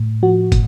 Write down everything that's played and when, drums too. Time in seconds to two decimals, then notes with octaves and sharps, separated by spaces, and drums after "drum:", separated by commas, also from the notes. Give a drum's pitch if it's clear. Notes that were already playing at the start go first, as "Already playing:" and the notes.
Already playing: A2
0.23 F3 F#4
0.52 A2, drum: kick, hi-hat